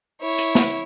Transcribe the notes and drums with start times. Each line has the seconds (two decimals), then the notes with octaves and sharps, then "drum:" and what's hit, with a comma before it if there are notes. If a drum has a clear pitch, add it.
0.21 E4 C#5
0.38 drum: hi-hat
0.55 drum: snare